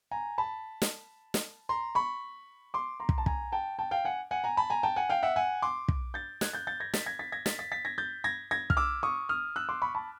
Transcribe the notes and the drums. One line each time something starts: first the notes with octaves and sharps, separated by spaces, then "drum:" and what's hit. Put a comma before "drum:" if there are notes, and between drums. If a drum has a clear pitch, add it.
G#5 A#5
A5 B5
drum: snare
drum: snare
A#5 C6
B5 C#6
C6 D6
A#5 C6
drum: kick
A5
G#5 A#5, drum: kick
G5 A5
G5 A5
F5 G5
F#5 G#5
F#5 G#5
G#5 A#5
A5 B5
G#5 A#5
G5 A5
F#5 G#5
F5 G5
E5 F#5
F#5 G#5
C6 D6
drum: kick
G6 A6
F#6 G#6, drum: snare
G6 A6
G6 A6
G#6 A#6
A6 B6, drum: snare
G#6 A#6
A6 B6
G#6 A#6
A6 B6, drum: snare
A6 B6
A6 B6
G#6 A#6
G6 A6
G#6 A#6
G#6 A#6
F6, drum: kick
D6 E6
C#6 D#6
D#6 F6
E6 F#6
C6 D6
B5 C#6
A5 B5